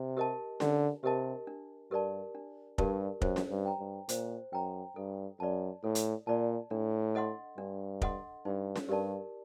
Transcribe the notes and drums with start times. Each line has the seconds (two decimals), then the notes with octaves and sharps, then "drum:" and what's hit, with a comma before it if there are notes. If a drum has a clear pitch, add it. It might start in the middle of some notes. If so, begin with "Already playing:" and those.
Already playing: C3
0.17 G4 A#4 D#5 A5
0.60 D3 D4, drum: snare C#4
1.03 C3 G4 A#4 D#5 A5
1.47 D4
1.91 G2 G4 A#4 D5 A5
2.35 D4
2.78 G2 G4 A#4 D5 A5, drum: kick
3.21 F#2 C5, drum: kick
3.36 drum: snare C#4
3.51 G2
3.66 G5 A#5
3.79 G2
4.09 A#2 C5, drum: hi-hat
4.52 F#2 G5 A#5
4.96 G2 A4
5.40 F#2 D5 A5
5.84 A2 A4
5.95 drum: hi-hat
6.27 A#2 D5 A5
6.71 A2 D4
7.15 A4 D#5 F#5 C6
7.58 G2 D4
8.02 A4 D#5 F#5 C6, drum: kick
8.45 G2 D#4
8.76 drum: snare C#4
8.88 G2 G4 A#4 D5 A5